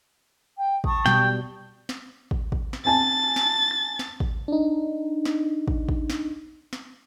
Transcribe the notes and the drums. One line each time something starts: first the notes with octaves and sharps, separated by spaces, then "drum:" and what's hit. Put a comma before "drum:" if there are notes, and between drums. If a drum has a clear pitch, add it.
G5
A5 C#6 D#6, drum: kick
B2 G3 G5, drum: snare
drum: snare
drum: kick
drum: kick
drum: snare
C4 G#5 A5 A6
drum: snare
drum: snare
drum: kick
D4 D#4
drum: snare
drum: kick
drum: kick
drum: snare
drum: snare